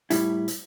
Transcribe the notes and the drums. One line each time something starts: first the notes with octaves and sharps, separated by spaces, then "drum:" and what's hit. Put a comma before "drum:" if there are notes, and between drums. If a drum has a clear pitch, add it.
A2 G3 E4, drum: hi-hat
drum: hi-hat